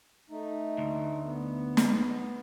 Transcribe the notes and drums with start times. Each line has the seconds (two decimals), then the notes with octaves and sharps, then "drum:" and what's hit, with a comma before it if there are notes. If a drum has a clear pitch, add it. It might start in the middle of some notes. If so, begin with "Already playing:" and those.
0.30 A3 D#4
0.78 D2
1.24 B3
1.77 drum: snare